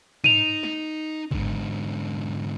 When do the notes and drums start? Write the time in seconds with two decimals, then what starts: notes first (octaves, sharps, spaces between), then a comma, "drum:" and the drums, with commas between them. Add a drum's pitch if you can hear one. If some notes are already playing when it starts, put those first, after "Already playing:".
0.24 D#4 D#7 F7, drum: tom
0.63 drum: snare
1.31 G#2 D3, drum: kick